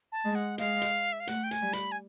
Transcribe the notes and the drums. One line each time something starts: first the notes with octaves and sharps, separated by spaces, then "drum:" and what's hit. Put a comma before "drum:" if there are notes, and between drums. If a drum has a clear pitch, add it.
A5
G#3
F#5
G#3 F5, drum: hi-hat
drum: hi-hat
E5
F5
A3 F#5, drum: hi-hat
G5
G#5, drum: hi-hat
G3
B5, drum: hi-hat
G#5